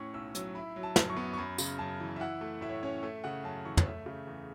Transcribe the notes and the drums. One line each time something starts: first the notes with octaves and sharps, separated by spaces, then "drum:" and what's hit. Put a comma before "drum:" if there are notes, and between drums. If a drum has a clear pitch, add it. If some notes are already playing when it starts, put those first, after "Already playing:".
Already playing: A2 C#4 C#6
B1 E6
F#3 E6, drum: hi-hat
E4 B5
F#3
A5
F#2, drum: snare
C#6
B3
C#6
F#2 B5
C#3, drum: tambourine
F#2 A5
E3
E5
E4 F#5
A3
A2 E5
C#5
C#4 C#5
A3 E5
C#3 F#5
F#2 A5
E3 C#6
C#5, drum: tom
A3 E5
C#3
E2